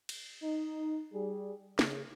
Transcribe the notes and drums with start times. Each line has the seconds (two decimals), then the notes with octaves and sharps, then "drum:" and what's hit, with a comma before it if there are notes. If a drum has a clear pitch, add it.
0.09 drum: cymbal
0.42 D#4
1.13 G3 G#4
1.79 C#3, drum: snare